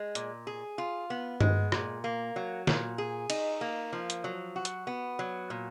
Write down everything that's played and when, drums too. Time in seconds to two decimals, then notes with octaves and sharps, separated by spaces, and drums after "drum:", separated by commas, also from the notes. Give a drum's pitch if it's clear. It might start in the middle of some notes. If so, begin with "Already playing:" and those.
Already playing: G#3
0.15 A#2, drum: hi-hat
0.47 G#4
0.78 F4
1.10 B3
1.41 G#3, drum: tom G2
1.72 A#2, drum: rim click
2.04 A#3
2.36 F#3
2.67 A#2, drum: snare
2.98 G#4
3.30 D#4, drum: cymbal
3.61 A#3
3.93 F3
4.10 drum: hi-hat
4.24 F#3
4.56 F#4
4.65 drum: hi-hat
4.87 B3
5.19 F#3
5.50 A#2